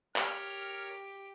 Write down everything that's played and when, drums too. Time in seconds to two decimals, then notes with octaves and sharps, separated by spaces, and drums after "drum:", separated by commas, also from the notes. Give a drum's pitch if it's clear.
0.16 G4 A#4 C#5 F6, drum: clap